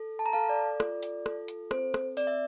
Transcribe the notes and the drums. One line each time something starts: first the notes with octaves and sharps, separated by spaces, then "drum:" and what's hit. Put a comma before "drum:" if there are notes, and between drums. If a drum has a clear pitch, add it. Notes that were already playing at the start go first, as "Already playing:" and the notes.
Already playing: A4
A5
A#5
A4 F5 A5
D5
F4, drum: rim click
drum: hi-hat
A4, drum: rim click
drum: hi-hat
C4 C5, drum: rim click
drum: rim click
C4 D5, drum: open hi-hat
E5